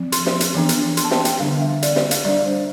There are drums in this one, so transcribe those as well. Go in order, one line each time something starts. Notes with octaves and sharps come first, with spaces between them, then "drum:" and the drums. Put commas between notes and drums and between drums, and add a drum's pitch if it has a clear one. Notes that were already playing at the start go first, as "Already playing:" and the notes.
Already playing: F3 C4
C6, drum: hi-hat
drum: snare
drum: hi-hat
E3 B3 D4
drum: hi-hat
C6, drum: hi-hat
A5
G5, drum: snare
G5, drum: hi-hat
D3 G3 B3 D4 F5
E5
D5, drum: hi-hat
drum: snare
F5, drum: hi-hat
G3 D4 D5
C5